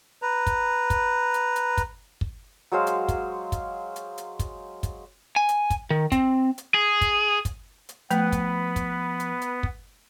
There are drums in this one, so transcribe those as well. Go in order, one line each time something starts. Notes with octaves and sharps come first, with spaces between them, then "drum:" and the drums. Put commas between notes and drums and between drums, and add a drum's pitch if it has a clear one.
B4 A#5
drum: kick, hi-hat
drum: kick, hi-hat
drum: hi-hat
drum: hi-hat
drum: kick, hi-hat
drum: kick
F#3 G#3 C5 F5
drum: hi-hat
drum: kick, hi-hat
drum: kick, hi-hat
drum: hi-hat
drum: hi-hat
drum: kick, hi-hat
drum: kick, hi-hat
G#5
drum: hi-hat
drum: kick, hi-hat
D#3
C4, drum: kick, hi-hat
drum: hi-hat
G#4
drum: kick, hi-hat
drum: kick, hi-hat
drum: hi-hat
F3 A3 B3 B4, drum: hi-hat
drum: kick, hi-hat
drum: kick, hi-hat
drum: hi-hat
drum: hi-hat
drum: kick